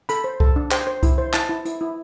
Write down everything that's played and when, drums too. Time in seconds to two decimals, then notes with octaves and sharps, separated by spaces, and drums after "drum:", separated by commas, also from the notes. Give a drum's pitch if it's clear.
0.09 A4 B5, drum: hi-hat
0.24 C5
0.40 A4, drum: kick C2
0.56 D4
0.71 C5 G5, drum: clap
0.87 C5
1.03 E4, drum: kick C2, hi-hat
1.18 C5
1.34 E4 A5, drum: clap
1.49 E4
1.65 E4, drum: hi-hat
1.81 E4